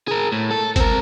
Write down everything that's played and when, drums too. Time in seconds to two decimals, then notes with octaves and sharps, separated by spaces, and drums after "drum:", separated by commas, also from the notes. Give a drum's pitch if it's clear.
0.08 G#4 A#4
0.32 A2
0.51 A4
0.76 C4 A#4, drum: kick, hi-hat